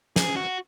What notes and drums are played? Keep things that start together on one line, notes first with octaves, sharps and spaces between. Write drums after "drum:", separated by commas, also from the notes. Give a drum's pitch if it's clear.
G#4, drum: snare
F#4